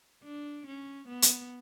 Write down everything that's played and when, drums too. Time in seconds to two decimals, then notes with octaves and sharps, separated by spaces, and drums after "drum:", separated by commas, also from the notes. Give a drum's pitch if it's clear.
0.24 D4
0.67 C#4
1.08 B3
1.22 drum: hi-hat